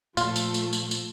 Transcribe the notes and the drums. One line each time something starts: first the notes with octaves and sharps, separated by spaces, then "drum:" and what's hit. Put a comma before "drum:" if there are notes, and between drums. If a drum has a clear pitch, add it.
A#2 F3 A3 F4, drum: tambourine
drum: tambourine
drum: tambourine
drum: tambourine
drum: tambourine